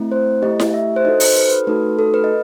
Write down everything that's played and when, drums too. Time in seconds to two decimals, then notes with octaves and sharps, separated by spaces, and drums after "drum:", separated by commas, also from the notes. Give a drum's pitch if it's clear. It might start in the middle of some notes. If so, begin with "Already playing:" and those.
Already playing: A3 C4 E4
0.12 C5
0.42 A3 E4 G4 D#5
0.60 drum: snare E4
0.74 E5
0.96 C5
1.04 D#4 F#4 A4 D#5
1.20 C5, drum: open hi-hat
1.36 B4
1.51 B4
1.67 A3 D#4 F#4 A4 B4
1.99 A4
2.14 B4
2.24 D#5